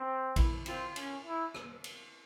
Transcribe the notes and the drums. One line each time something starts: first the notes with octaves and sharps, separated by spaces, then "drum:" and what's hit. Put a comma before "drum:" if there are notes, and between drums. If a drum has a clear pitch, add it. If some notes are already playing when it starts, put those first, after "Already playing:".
Already playing: C4
E4, drum: kick A#1, cymbal
C4 F4, drum: cymbal
C#4, drum: cymbal
E4
drum: rim click
drum: cymbal